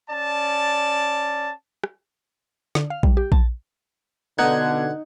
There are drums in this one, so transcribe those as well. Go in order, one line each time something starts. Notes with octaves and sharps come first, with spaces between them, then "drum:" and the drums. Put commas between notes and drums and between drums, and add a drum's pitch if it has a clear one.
C#4 D5 A5
drum: rim click
D3, drum: snare
F5
G3, drum: kick A#1
G4
A5, drum: kick A#1
B2 D3 B3 D#4 F#5 F#6 G#6